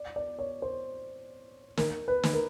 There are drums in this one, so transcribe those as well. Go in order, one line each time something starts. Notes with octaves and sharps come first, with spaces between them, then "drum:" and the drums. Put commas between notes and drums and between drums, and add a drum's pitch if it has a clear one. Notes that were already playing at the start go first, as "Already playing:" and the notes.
Already playing: D5
D5
C#5
C5
A#4, drum: snare
B4
drum: snare
A#4